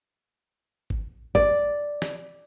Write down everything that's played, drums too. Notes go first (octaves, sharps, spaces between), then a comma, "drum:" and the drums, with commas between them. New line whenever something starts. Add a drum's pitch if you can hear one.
drum: kick
D5, drum: kick
drum: snare